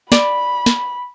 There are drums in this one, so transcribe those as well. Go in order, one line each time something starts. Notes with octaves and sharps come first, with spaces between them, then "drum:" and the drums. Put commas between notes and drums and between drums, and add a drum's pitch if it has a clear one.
D5 B5, drum: snare
drum: snare